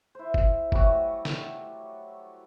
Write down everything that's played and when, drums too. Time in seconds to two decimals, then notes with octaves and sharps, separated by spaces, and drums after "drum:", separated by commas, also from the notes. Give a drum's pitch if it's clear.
0.15 E4 C5
0.34 drum: kick F#1
0.72 F#3 G3 A3 F#4, drum: kick F#1
1.25 drum: snare